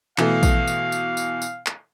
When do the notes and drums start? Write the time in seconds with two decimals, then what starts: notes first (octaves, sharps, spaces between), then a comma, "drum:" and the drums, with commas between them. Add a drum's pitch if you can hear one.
0.18 B2 E3 A3 F5, drum: clap
0.43 drum: kick A#1, tambourine
0.67 drum: tambourine
0.92 drum: tambourine
1.17 drum: tambourine
1.42 drum: tambourine
1.66 drum: clap